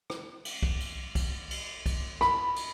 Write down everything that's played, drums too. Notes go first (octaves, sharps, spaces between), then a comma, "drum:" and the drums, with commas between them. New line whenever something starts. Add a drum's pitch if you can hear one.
drum: rim click
drum: cymbal
drum: kick B1
drum: cymbal
drum: kick B1, cymbal
drum: cymbal
drum: kick B1, cymbal
B5, drum: rim click
drum: cymbal